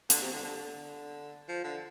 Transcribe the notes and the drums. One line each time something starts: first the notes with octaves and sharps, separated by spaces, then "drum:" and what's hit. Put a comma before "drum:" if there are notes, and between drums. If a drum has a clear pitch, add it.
D3, drum: hi-hat
C3
D3
D3
D3
F3
D3